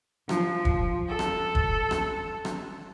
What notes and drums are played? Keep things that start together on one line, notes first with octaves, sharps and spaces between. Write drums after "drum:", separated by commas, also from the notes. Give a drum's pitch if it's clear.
F3, drum: rim click
drum: kick
A4
drum: rim click
drum: kick
drum: rim click
drum: rim click